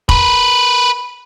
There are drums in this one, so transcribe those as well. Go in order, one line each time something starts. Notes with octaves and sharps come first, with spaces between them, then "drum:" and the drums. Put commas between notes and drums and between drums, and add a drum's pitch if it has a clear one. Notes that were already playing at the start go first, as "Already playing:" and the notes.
A#4 B4, drum: kick F1